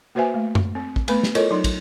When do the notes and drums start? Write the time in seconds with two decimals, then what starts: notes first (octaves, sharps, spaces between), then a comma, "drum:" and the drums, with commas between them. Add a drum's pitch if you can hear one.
0.15 A#3 F#4 B4 C5 E5 G#5
0.34 A3
0.55 drum: tom F#2
0.75 C4
0.96 drum: kick
1.08 A3 B3 B4 B5, drum: cymbal
1.23 drum: snare
1.35 E4 F4 A4 A#4 C#5 D#5, drum: cymbal
1.51 F#3 D#4 C6
1.64 drum: kick, cymbal